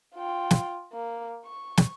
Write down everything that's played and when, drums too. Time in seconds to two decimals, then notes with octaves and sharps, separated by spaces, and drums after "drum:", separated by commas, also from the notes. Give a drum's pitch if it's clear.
0.16 F4 G5
0.51 drum: snare
0.93 A#3
1.45 C#6
1.77 drum: snare